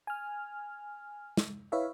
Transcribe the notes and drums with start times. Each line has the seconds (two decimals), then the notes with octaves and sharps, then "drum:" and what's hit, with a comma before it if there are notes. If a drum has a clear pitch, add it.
0.07 G#5 F6
1.37 drum: snare
1.72 E4 B4 C#5 E5 F5